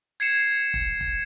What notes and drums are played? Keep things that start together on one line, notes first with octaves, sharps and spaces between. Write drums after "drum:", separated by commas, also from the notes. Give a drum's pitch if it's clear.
G#6 C7 C#7 E7
drum: kick
drum: kick